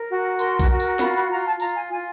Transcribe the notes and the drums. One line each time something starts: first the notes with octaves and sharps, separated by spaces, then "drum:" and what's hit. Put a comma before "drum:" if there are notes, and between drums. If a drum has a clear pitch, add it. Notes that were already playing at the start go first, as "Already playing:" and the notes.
Already playing: A#4
F#4
A#4 C6, drum: tambourine
drum: kick B1, tambourine
F#4
drum: tambourine
F4 B5, drum: snare
B5
F4 A#5
A5
F4 A#5, drum: tambourine
G#5
F4 G#5